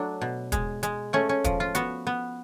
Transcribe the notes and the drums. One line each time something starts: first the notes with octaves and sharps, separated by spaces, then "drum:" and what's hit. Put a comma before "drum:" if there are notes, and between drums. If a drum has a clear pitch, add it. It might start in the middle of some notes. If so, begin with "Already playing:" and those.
Already playing: F#3 A3 D4
B2
G#3, drum: kick, hi-hat
G#3, drum: hi-hat
A3 C#4
C#4
F3, drum: kick, hi-hat
F4
B3 F#4, drum: hi-hat
B3